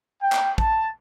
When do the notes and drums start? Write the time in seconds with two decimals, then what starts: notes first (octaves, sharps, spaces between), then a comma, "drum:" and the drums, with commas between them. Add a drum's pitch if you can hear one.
0.21 G5
0.32 drum: clap
0.58 A5, drum: kick